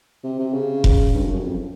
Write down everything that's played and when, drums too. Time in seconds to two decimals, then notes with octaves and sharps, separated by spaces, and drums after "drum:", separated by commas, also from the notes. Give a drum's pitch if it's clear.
0.24 C3
0.39 C3
0.54 C#3
0.84 drum: kick F1
1.14 G2
1.23 F#2
1.33 F#2
1.44 F2